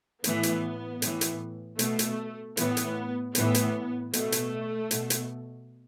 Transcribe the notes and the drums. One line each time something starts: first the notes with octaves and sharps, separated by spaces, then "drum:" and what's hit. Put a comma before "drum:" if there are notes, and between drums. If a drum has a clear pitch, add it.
A2 E3 B3, drum: hi-hat
drum: hi-hat
A2 E3, drum: hi-hat
drum: hi-hat
B2 A3, drum: hi-hat
drum: hi-hat
A2 E3 B3, drum: hi-hat
drum: hi-hat
A2 E3 B3, drum: hi-hat
drum: hi-hat
B2 A3, drum: hi-hat
drum: hi-hat
B2, drum: hi-hat
drum: hi-hat